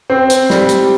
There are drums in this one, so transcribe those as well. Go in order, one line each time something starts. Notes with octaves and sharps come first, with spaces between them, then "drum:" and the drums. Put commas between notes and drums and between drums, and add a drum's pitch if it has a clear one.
C4
drum: hi-hat
G3, drum: snare
drum: hi-hat